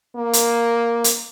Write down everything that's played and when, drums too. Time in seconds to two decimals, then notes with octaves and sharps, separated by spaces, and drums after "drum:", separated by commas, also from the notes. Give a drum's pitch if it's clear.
0.16 A#3
0.33 drum: hi-hat
1.04 drum: hi-hat